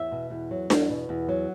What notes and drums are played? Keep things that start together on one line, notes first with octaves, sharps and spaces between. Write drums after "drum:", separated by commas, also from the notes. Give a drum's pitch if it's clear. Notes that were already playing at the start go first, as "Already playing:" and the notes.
Already playing: E2 E5
B2
E2
F#3
E2, drum: snare D4
B2
E2
F#3